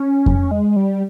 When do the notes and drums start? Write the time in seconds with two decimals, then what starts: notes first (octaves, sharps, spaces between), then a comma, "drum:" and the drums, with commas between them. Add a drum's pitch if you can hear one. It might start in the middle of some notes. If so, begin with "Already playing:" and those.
Already playing: C#4
0.26 drum: kick F2
0.51 G#3
0.76 G3